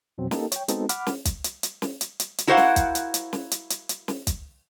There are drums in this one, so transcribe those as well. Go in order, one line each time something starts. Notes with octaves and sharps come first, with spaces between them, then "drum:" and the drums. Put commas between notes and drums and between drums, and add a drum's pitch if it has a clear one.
F2 B2 F#3 C4
A#3 D#4 G4 A4, drum: snare
C#5 G5, drum: hi-hat
G#3 B3 C4 D#4 F#4 A4, drum: hi-hat
F#5 B5 D6 F6, drum: hi-hat
drum: snare
drum: kick, hi-hat
drum: hi-hat
drum: hi-hat
drum: snare
drum: hi-hat
drum: hi-hat
drum: hi-hat
E4 F#4 A#4 C5 F5 F#5
drum: snare
drum: kick, hi-hat
drum: hi-hat
drum: hi-hat
drum: snare
drum: hi-hat
drum: hi-hat
drum: hi-hat
drum: snare
drum: kick, hi-hat